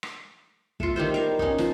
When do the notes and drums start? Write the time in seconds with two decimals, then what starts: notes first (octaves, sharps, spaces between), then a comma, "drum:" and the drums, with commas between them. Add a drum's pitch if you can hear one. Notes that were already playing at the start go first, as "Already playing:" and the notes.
0.03 drum: rim click
0.80 A3 F4, drum: kick
0.96 D#3 G3 F4 C5
1.14 A#4 F5
1.39 C#4 D#4, drum: kick
1.58 F3, drum: snare